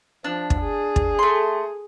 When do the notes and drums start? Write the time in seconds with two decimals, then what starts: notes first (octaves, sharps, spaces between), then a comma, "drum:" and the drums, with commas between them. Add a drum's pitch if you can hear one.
0.24 F3 D4
0.50 drum: kick
0.61 G#4
0.96 drum: kick
1.19 A3 C6